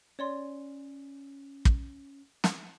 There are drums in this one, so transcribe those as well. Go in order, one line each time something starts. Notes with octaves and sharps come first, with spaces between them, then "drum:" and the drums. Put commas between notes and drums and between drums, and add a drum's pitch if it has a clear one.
C#4 C#5 D5 C6
drum: kick
drum: snare